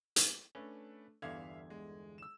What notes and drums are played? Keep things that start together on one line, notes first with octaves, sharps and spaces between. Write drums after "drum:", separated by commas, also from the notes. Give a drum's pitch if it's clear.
drum: hi-hat
A3 C#4 D4 B4
G1 E2 D3 E5 F5 G#6
G#3
E6 E7